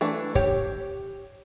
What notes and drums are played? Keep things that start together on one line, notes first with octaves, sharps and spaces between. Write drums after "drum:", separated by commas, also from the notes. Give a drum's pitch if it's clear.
E3 A3 D4
G4 C#5, drum: kick